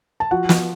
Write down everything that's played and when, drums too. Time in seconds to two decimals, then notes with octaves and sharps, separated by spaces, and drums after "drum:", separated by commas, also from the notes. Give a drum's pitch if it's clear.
0.20 A5
0.31 F3 F#4 F#5
0.49 F3, drum: snare